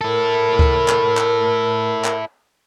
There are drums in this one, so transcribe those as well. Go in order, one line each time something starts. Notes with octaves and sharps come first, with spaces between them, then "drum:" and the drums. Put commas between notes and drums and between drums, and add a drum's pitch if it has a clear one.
E4 A4 A#4
drum: kick C#2
drum: clap
drum: clap
drum: clap